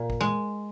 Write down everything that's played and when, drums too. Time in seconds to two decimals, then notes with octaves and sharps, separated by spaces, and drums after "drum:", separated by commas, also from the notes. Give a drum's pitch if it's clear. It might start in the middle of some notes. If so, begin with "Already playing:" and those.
Already playing: A#2
0.10 drum: kick A1
0.21 G#3